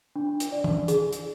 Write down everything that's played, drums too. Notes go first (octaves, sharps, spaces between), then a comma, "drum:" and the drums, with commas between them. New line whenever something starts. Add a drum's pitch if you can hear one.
D4
drum: hi-hat
D5
drum: tom
G#4, drum: hi-hat
drum: hi-hat